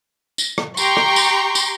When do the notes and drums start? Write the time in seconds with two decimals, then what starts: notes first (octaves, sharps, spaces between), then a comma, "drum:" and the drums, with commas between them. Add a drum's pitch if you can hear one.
0.38 drum: tambourine
0.58 drum: rim click
0.77 G4 G5 A#5 C6 C#6, drum: tambourine
0.97 drum: rim click
1.16 drum: tambourine
1.55 drum: tambourine